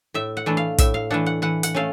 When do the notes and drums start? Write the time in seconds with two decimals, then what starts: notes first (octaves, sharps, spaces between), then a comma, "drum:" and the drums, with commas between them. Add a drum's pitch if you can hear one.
0.14 A2 E5
0.37 F#5
0.46 E3 A3 D4
0.57 F5
0.78 A2 E5, drum: kick, hi-hat
0.94 F5
1.10 E3 A3 D4 F#5
1.26 F#5
1.42 E3 F#5
1.63 F#5, drum: hi-hat
1.74 A3 C#4 F5